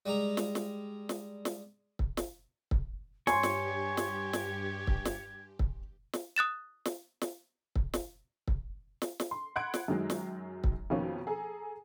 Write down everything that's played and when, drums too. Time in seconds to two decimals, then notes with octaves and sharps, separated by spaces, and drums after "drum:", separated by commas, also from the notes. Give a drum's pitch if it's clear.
0.06 G3 G#3 A#5
0.37 drum: snare
0.55 drum: snare
1.09 drum: snare
1.45 drum: snare
1.99 drum: kick
2.17 drum: snare
2.71 drum: kick
3.27 G2 G4 C#5 G#5 C6 G#6, drum: snare
3.43 drum: snare
3.97 drum: snare
4.33 drum: snare
4.87 drum: kick
5.05 drum: snare
5.59 drum: kick
6.13 drum: snare
6.36 D#6 F#6 A6 E7
6.85 drum: snare
7.21 drum: snare
7.76 drum: kick
7.94 drum: snare
8.48 drum: kick
9.02 drum: snare
9.20 drum: snare
9.31 C6
9.56 F#5 B5 C6 F#6 G#6 D7
9.74 drum: snare
9.88 F#2 D#3 F#3 G#3
10.10 drum: snare
10.64 drum: kick
10.90 F2 B2 D#3 A#3 C#4
11.27 G#4 A4 A#5